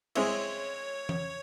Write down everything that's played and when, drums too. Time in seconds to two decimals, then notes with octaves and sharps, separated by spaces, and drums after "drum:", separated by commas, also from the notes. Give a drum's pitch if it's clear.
0.15 G#3 C4 E4 C#5, drum: cymbal
1.09 drum: tom E3